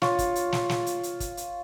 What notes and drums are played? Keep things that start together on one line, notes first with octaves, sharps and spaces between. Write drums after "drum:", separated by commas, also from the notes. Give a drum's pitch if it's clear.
F4 C#5, drum: snare
drum: kick, hi-hat
drum: hi-hat
drum: snare
drum: snare
drum: hi-hat
drum: hi-hat
drum: kick, hi-hat
drum: hi-hat